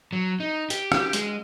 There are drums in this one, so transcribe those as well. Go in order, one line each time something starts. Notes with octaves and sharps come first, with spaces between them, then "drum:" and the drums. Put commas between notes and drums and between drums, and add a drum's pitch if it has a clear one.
F#3
D#4
G4, drum: hi-hat
drum: rim click
G#3, drum: hi-hat